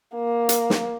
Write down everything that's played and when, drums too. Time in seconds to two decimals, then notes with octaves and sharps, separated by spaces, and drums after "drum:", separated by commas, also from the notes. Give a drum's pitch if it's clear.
0.15 A#3
0.49 drum: hi-hat
0.70 drum: snare